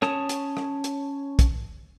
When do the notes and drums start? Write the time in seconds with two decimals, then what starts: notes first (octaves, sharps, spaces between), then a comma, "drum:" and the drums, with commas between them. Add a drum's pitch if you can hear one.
0.02 C#4 C#5 A5 D#6, drum: rim click
0.29 drum: hi-hat
0.57 drum: rim click
0.84 drum: hi-hat
1.39 drum: kick, hi-hat